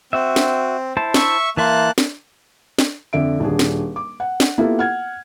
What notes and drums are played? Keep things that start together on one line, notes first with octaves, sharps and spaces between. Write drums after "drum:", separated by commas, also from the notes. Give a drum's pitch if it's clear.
C4 F#4 E5
drum: snare
E4 C5 A5
E5 C#6, drum: snare
E3 A#3 E5 A5 C6 F#6
drum: snare
drum: snare
F2 D3 E5 D7
D#1 D4 G#4
drum: snare
D6
F#5
drum: snare
A#3 B3 E4 F4 G4 A4
F#5 F6 G#6